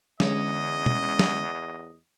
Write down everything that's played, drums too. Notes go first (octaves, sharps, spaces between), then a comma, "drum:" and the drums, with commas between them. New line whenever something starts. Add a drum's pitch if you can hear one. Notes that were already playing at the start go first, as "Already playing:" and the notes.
E2 D3 G#3 C#4 D#5, drum: snare
drum: tom
drum: snare